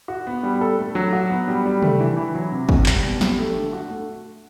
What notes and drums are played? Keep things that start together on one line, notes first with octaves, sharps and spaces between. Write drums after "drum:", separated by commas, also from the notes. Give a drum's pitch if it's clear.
F#4
B3
G3
A4
A3
F#3
F#4
B3
G3
G3
A3, drum: tom C3
E3
E3
F#3
C3
C3, drum: kick
G3, drum: clap
B2
G4, drum: snare
A3
D3
F#4
A3